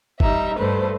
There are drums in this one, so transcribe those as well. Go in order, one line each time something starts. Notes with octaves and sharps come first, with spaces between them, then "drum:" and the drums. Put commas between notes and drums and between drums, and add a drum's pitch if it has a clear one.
G3 D#4 E5, drum: kick G1
G2 A3 B4 C5